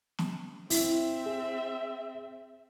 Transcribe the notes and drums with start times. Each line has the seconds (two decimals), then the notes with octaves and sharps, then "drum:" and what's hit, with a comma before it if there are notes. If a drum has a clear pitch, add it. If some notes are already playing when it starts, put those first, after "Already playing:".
0.19 drum: snare
0.70 C4 E4 E5, drum: open hi-hat
1.26 G#4